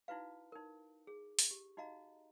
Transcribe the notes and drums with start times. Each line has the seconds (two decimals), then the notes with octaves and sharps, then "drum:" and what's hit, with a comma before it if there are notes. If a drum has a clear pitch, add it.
0.08 D#4 E4 F#4 B4 F5
0.52 D#4 A#4
1.07 G#4
1.39 drum: open hi-hat
1.51 G4
1.77 D#4 F#4 D#5 F5 A#5